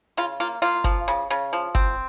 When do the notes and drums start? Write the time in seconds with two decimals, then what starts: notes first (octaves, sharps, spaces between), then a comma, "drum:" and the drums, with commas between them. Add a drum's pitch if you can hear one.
0.17 C#3 F4, drum: hi-hat
0.40 A#3 F4, drum: hi-hat
0.62 A#3 F4, drum: hi-hat
0.84 F3, drum: kick F#1, hi-hat
1.08 C#3, drum: hi-hat
1.30 C#3, drum: hi-hat
1.53 F3, drum: hi-hat
1.75 C4, drum: kick F#1, hi-hat